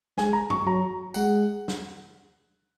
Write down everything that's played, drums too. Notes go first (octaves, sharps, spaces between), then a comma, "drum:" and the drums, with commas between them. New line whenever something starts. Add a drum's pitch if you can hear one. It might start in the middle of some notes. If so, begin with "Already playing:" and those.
G#3 G#5, drum: snare
A#5
C#6, drum: tom
F#3 A#5
G#3 F#5, drum: tambourine
drum: snare